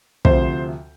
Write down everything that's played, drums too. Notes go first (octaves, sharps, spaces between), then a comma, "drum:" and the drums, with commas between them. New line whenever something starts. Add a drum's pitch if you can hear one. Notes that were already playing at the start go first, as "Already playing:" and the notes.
D2 C3 F3 C5, drum: kick